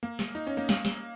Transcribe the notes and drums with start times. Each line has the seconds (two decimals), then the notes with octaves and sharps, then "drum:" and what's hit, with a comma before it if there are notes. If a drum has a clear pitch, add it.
0.03 A#3
0.19 drum: snare
0.35 D#4
0.47 C#4
0.57 A#3
0.69 A#3, drum: snare
0.85 drum: snare